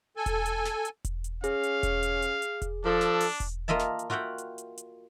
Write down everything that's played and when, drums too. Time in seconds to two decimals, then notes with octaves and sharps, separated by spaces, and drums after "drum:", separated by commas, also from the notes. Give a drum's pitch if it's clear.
0.17 A4 G#5
0.26 drum: kick E1, hi-hat
0.46 drum: hi-hat
0.65 drum: snare
0.85 drum: hi-hat
1.05 drum: kick E1, hi-hat
1.24 drum: hi-hat
1.44 C#4 G#4 F5, drum: hi-hat
1.63 drum: hi-hat
1.83 drum: kick E1, hi-hat
2.03 drum: hi-hat
2.22 drum: hi-hat
2.42 drum: hi-hat
2.62 drum: kick E1, hi-hat
2.85 F3 D4 A4
3.01 drum: snare
3.20 drum: open hi-hat
3.40 drum: kick E1, hi-hat
3.68 A#3 F4 D#5 E5 A5
3.79 drum: snare
3.99 drum: hi-hat
4.10 F4 F#4 E5 F#5 G5
4.38 drum: hi-hat
4.58 drum: hi-hat
4.78 drum: hi-hat